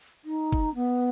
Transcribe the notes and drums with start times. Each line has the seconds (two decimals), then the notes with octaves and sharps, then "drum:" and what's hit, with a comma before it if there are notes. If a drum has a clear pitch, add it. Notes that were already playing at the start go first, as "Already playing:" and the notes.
0.24 D#4
0.52 drum: kick
0.74 B3